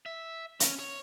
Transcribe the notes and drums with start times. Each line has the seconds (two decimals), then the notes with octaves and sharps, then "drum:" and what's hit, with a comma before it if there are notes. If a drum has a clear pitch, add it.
0.06 E5
0.60 C#4, drum: hi-hat
0.79 C#5